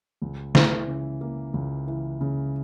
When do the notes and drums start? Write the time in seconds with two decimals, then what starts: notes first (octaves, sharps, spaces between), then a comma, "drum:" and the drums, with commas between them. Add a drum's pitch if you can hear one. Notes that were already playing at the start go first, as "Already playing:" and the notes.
0.22 C#2
0.55 E3, drum: snare
0.88 C#3
1.21 A#3
1.54 C#2
1.88 E3
2.21 C#3